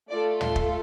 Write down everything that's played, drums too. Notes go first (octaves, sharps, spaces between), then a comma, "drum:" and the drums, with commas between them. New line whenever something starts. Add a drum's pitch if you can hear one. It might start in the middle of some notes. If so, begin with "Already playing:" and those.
A3 F4 A4 D5
C6, drum: tom
drum: kick